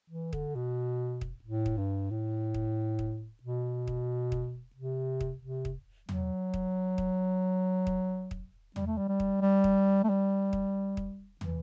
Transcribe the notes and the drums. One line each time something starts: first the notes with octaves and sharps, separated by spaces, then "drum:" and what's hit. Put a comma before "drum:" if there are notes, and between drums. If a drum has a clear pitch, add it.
E3
D3, drum: kick
B2
drum: kick
A2
drum: kick
G2
A2
drum: kick
drum: kick
B2
drum: kick
drum: kick
C3
drum: kick
C3
drum: kick
F#3, drum: tom
drum: kick
drum: kick
drum: kick
drum: kick
G3, drum: tom
A3
G3
G3
drum: kick
G3
drum: kick
A3
G3
drum: kick
drum: kick
E3, drum: tom